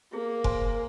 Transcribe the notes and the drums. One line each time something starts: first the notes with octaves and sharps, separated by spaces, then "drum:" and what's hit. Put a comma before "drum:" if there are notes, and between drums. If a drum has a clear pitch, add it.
A#3 G#4
C5 G#5 C6, drum: kick F1